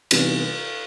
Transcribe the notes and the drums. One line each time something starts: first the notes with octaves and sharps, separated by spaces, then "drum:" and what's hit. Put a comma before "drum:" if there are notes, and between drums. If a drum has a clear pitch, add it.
C3 E3 G3 B3 D#4, drum: cymbal